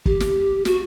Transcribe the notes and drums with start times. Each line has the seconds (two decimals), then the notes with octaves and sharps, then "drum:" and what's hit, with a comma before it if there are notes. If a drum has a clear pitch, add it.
0.06 G4, drum: kick
0.20 drum: snare
0.65 F#4, drum: snare